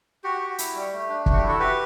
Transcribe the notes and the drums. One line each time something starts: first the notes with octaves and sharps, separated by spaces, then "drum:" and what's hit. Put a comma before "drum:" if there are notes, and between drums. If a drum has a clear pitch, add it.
F#4 G4
F#4
E4, drum: hi-hat
G3
A3
D4
A3, drum: kick
F#4
G4
E4
F#4 A4
F#4 G4 B4